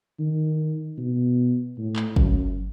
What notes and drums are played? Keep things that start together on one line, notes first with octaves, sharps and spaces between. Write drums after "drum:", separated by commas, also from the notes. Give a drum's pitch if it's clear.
D#3
B2
A2
drum: clap
F#2, drum: kick